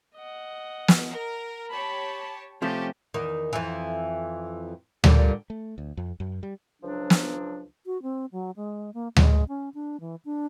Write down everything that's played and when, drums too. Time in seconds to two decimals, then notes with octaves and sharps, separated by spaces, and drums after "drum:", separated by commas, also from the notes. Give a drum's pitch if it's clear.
0.16 D#5 F#5
0.88 drum: snare
1.10 A#4
1.70 G4 C#5 A5 B5
2.62 C3 F3 A3 C#4 G4 A5
3.14 E2 D#3
3.53 F2 E3
5.04 A#2 D3 G3, drum: tom D2
5.50 A3
5.78 D2
5.97 F2
6.20 F#2
6.43 G3
6.82 C#2 F3 F#3 D4
7.10 drum: snare
7.86 F#4
8.03 C4
8.32 F#3
8.56 G#3
8.94 A#3
9.16 G#3, drum: tom D2
9.48 C#4
9.74 D4
10.00 E3
10.25 D4